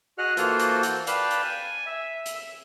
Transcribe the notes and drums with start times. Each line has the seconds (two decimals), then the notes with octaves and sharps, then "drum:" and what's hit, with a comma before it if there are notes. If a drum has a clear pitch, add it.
0.18 F#4 G#4 D#5 F#5 F6 F#6
0.37 E3 A#3 F4 F#4 A4 C5, drum: hi-hat
0.59 drum: hi-hat
0.83 drum: hi-hat
1.07 B4 D5 F5 G5 A5, drum: hi-hat
1.31 drum: hi-hat
1.44 G#5
1.86 E5
2.26 drum: hi-hat